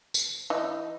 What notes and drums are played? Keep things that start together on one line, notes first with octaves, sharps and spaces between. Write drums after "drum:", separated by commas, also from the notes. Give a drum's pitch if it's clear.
drum: tambourine
E3 D#4